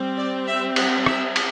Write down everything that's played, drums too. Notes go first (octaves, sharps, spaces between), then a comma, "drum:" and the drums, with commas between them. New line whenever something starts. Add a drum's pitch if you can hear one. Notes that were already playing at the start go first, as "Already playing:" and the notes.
Already playing: G3 C4
D5
E5
F#5, drum: cymbal
E5, drum: rim click
drum: cymbal